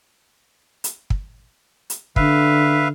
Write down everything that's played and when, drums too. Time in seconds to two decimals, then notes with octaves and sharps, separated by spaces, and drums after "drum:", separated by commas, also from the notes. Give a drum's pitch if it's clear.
0.84 drum: hi-hat
1.10 drum: kick
1.90 drum: hi-hat
2.16 D3 B4 E5 F5, drum: kick